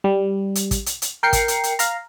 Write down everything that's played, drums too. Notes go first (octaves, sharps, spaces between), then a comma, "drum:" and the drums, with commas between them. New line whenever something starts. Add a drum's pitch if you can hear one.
G3
drum: hi-hat
drum: kick, hi-hat
drum: hi-hat
drum: hi-hat
A#4 G5 C7 C#7
drum: kick, hi-hat
drum: hi-hat
drum: hi-hat
F5 A#5, drum: hi-hat